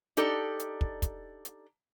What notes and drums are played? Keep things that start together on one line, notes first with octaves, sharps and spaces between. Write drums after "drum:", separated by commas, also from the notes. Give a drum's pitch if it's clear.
D4 D#4 G4 A4 D5, drum: hi-hat
drum: hi-hat
drum: kick
drum: kick, hi-hat
drum: hi-hat